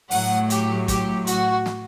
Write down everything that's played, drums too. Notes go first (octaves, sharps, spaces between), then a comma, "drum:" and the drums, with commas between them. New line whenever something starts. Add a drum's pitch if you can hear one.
A2 F#3 F#5, drum: open hi-hat
G4, drum: hi-hat
G4, drum: kick, hi-hat
F#4, drum: hi-hat
drum: snare